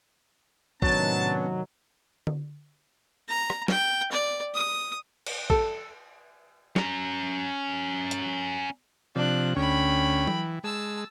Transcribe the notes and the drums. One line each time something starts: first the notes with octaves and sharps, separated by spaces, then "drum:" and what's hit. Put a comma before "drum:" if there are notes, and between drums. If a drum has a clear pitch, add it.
A2 C3 D#3 F#3 B3 C#4 D4 A5, drum: kick
drum: tom D3
A#5
drum: rim click
G5, drum: snare
D5
D#6
drum: cymbal
A4, drum: kick
C#4 A#5, drum: snare
drum: hi-hat
C3 F3 D4 F#6
D2 C#4 G5 B5
E3, drum: tom F#3
G#3 A5 E6